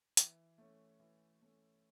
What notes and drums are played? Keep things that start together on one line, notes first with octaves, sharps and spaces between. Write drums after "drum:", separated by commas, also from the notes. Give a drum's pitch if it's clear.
E3, drum: hi-hat
A3 C#4
E3
A3 C#4